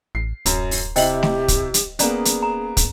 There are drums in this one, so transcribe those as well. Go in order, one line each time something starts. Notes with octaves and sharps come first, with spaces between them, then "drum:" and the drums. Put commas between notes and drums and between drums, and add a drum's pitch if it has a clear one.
A1 C7
D1 F#2, drum: hi-hat
drum: open hi-hat
C3 E4 G4 C5 D#5 G5 F#7, drum: open hi-hat
drum: snare A3
drum: kick, hi-hat
drum: hi-hat
A#3 B3 C#4 G#4 D5 A#5, drum: hi-hat
drum: hi-hat
A#5
drum: kick, hi-hat